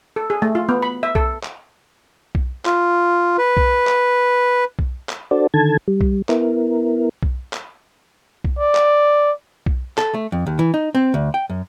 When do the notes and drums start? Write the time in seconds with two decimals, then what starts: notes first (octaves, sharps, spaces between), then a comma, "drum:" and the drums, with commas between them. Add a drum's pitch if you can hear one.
0.16 A4
0.30 G#4
0.42 A3
0.55 F4
0.69 B3
0.82 B5
1.03 E5
1.15 A4, drum: kick B1
1.43 drum: clap
2.35 drum: kick B1
2.65 F4, drum: clap
3.38 B4
3.57 drum: kick B1
3.87 drum: clap
4.79 drum: kick B1
5.09 drum: clap
5.31 D4 F#4 A4 C5 D5
5.54 D3 D#3 A4 A5 G#6
5.88 G3
6.01 drum: kick B1
6.29 B3 E4 A#4, drum: clap
7.23 drum: kick B1
7.53 drum: clap
8.44 drum: kick B1
8.59 D5
8.75 drum: clap
9.66 drum: kick B1
9.98 A4, drum: clap
10.14 A3
10.32 F2
10.47 D#2
10.59 E3
10.74 D#4
10.95 C4
11.14 D2
11.34 G5
11.50 F#2